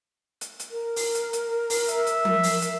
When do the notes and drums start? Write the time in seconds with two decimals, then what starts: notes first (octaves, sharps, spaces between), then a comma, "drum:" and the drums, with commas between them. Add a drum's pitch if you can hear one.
0.41 drum: hi-hat
0.59 drum: hi-hat
0.71 A#4
0.96 drum: open hi-hat
1.15 drum: hi-hat
1.33 drum: hi-hat
1.70 drum: open hi-hat
1.88 E5, drum: hi-hat
2.07 drum: hi-hat
2.25 drum: tom F3
2.43 drum: open hi-hat
2.62 drum: hi-hat